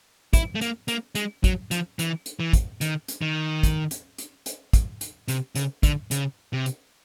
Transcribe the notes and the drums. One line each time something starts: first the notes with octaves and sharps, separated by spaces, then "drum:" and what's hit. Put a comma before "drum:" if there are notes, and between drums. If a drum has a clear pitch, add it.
E4, drum: kick, hi-hat
A3
A#3, drum: hi-hat
A#3, drum: hi-hat
G#3, drum: hi-hat
F#3, drum: kick, hi-hat
F3, drum: hi-hat
E3, drum: hi-hat
drum: hi-hat
E3
drum: kick, hi-hat
D#3, drum: hi-hat
drum: hi-hat
D#3
drum: kick, hi-hat
drum: hi-hat
drum: hi-hat
drum: hi-hat
drum: kick, hi-hat
drum: hi-hat
C3, drum: hi-hat
C#3, drum: hi-hat
D3, drum: kick, hi-hat
C#3, drum: hi-hat
C3
drum: hi-hat